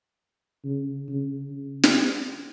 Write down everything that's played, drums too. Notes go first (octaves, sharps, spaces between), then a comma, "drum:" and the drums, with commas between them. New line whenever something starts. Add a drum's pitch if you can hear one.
C#3
C#3
C#3
drum: snare